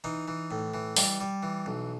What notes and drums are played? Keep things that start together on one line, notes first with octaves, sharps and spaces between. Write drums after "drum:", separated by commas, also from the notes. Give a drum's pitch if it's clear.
E3 D#4
E3
A2
E3
G3, drum: open hi-hat
G3
E3
B1